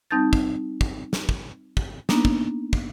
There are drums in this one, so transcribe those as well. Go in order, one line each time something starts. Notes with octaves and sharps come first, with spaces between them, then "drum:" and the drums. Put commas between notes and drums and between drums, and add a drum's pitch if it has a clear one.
G3 C4 D#4 A5 G6 A6
drum: kick
drum: kick
drum: snare
drum: kick
drum: kick
A#3 B3 D4 D#4, drum: snare
drum: kick
drum: kick